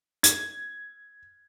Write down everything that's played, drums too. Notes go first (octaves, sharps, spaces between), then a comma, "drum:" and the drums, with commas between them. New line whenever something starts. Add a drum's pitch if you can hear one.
G#6, drum: hi-hat